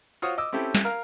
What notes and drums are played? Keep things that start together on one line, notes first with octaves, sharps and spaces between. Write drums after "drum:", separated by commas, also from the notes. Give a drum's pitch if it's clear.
F4 F#4 C5 C#5 D#6
D#5 D6 E6
C4 C#4 E4 G4 A4
drum: snare
A#4 F5